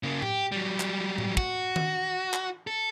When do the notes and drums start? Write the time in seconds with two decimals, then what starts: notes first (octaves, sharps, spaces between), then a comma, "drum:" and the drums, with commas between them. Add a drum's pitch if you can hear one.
0.03 C#3 A#3
0.22 G4, drum: tom A2
0.52 F#3 G3
0.80 drum: clap
1.18 drum: tom A2
1.37 F#4, drum: kick
1.76 drum: tom D#3
2.34 drum: clap
2.67 A4